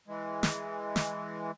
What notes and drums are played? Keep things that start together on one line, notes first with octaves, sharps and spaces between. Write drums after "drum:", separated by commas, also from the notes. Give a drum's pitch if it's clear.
E3 G#3
drum: snare
drum: snare